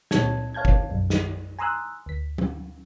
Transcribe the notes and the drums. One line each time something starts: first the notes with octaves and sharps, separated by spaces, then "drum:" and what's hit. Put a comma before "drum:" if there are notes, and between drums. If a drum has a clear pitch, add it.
C#2 A#2 C4 C#5 A5 G#6, drum: snare
C#5 F5 A5 G6 G#6
drum: kick
B1 F#2
drum: snare
G#5 A#5 C6 D#6 E6 F#6
D2 B6
drum: tom